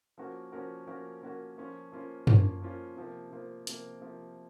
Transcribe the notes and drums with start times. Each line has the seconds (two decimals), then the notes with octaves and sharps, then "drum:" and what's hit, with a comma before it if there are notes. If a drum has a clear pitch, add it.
0.18 F3 A#3 C#4 F#4 A#4
0.52 F3 A#3 C#4 F#4 A#4
0.87 F3 A#3 C#4 F#4 A#4
1.22 F3 A#3 C#4 F#4 A#4
1.58 F3 A#3 C#4 F4
1.92 F3 A#3 C#4 F4
2.27 F3 A#3 C#4 F4, drum: tom
2.62 F3 A#3 C#4 F4
2.96 C3 F3 A#3
3.31 C3 F3 A#3
3.67 C3 F3 A#3, drum: hi-hat
4.01 C3 F3 A#3